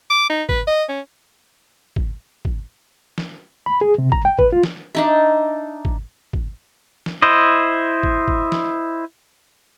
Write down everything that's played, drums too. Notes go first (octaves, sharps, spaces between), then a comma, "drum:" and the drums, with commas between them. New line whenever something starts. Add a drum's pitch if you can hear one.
D6
D#4
B4, drum: kick G#1
D#5
C#4
drum: kick G#1
drum: kick G#1
drum: snare
B5
G#4
C3
A#5, drum: kick G#1
G5
B4, drum: kick G#1
F4
drum: snare
D4 D#4 E5
drum: kick G#1
drum: kick G#1
drum: snare
E4 C5 D#5
drum: kick G#1
drum: kick G#1
drum: snare